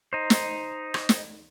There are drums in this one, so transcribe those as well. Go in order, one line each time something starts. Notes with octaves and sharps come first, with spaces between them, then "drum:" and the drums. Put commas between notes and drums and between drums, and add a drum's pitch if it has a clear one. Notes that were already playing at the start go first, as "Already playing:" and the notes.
D#4 C5
drum: snare
drum: rim click
drum: snare